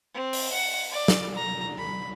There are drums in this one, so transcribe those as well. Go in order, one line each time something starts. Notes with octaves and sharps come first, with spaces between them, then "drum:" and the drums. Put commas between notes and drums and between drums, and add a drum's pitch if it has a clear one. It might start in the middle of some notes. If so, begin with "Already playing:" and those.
C4
drum: open hi-hat
F#5
D5
drum: snare
A#5
B5